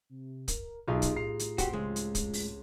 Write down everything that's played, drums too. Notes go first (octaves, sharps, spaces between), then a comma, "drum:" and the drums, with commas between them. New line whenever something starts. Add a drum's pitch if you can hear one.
C3
A#4, drum: kick, hi-hat
B1 D#4 F4 G4 G#4
drum: kick, hi-hat
A2 A#5 C7
drum: hi-hat
C4 F#4 G4 C6, drum: kick, hi-hat
C#2 G#3
drum: hi-hat
drum: kick, hi-hat
drum: open hi-hat